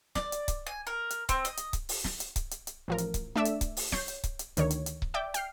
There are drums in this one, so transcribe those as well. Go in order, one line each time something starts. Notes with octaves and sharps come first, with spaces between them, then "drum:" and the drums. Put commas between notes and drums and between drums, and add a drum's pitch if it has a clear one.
D5, drum: snare
drum: hi-hat
drum: kick C#1, hi-hat
G#5
A#4
drum: hi-hat
C4, drum: kick C#1, hi-hat
D#5, drum: hi-hat
drum: hi-hat
drum: kick C#1, hi-hat
drum: open hi-hat
drum: snare
drum: hi-hat
drum: kick C#1, hi-hat
drum: hi-hat
drum: hi-hat
A1 F3 A#4
drum: hi-hat
drum: kick C#1, hi-hat
A3 D4 D5 E5 E7
drum: hi-hat
drum: kick C#1, hi-hat
drum: open hi-hat
C#5 G6 C7, drum: snare
drum: hi-hat
drum: kick C#1, hi-hat
drum: hi-hat
D2 D#3 C#5, drum: hi-hat
drum: hi-hat
drum: hi-hat
drum: kick C#1
D5 E5 G5 D6
G5 F6 C7, drum: hi-hat